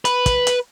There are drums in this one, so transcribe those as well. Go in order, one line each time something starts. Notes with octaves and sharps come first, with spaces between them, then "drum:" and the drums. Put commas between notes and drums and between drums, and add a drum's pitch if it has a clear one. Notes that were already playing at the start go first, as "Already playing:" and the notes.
B4, drum: hi-hat
drum: kick, hi-hat
drum: hi-hat